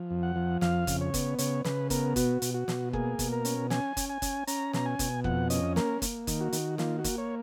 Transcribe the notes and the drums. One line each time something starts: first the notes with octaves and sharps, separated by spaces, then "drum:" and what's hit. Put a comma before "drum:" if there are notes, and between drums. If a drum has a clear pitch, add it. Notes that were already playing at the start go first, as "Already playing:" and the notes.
Already playing: F3
F2
F#5
F3
F2 F5, drum: snare
C#3, drum: kick F#1, hi-hat
C#5
B3, drum: kick F#1, hi-hat
C#3 C#5, drum: hi-hat
C#3 B4, drum: snare
B3 A#4, drum: kick F#1, hi-hat
B2 F#4, drum: kick F#1, hi-hat
B2, drum: hi-hat
F#4
B2, drum: snare
A#3 G#4, drum: kick F#1
B2, drum: kick F#1, hi-hat
A#4
C#4, drum: hi-hat
C#4 G#5, drum: snare
C#4, drum: kick F#1, hi-hat
G#5
C#4, drum: kick F#1, hi-hat
C#4 A#5, drum: hi-hat
B2 A#5, drum: snare
G#5
B2, drum: kick F#1, hi-hat
F2 F#5, drum: kick F#1
C#4 D#5, drum: hi-hat
A#3 A#4, drum: snare
A#3, drum: kick F#1, hi-hat
D#3, drum: kick F#1, hi-hat
F#4
D#3, drum: hi-hat
A#3 F4, drum: snare
F#4
A#3, drum: kick F#1, hi-hat
C#5